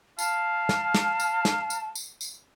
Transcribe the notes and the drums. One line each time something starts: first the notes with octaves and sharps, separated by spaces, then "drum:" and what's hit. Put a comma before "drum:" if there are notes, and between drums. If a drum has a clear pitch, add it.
F5 A5, drum: tambourine
drum: snare
drum: snare
drum: tambourine
drum: snare
drum: tambourine
drum: tambourine
drum: tambourine